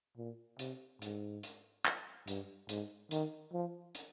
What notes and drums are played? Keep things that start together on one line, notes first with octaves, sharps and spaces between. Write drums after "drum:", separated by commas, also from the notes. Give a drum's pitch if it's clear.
A#2
C3, drum: hi-hat
G#2, drum: hi-hat
drum: hi-hat
drum: clap
G2, drum: hi-hat
G#2, drum: hi-hat
D#3, drum: hi-hat
F3
drum: hi-hat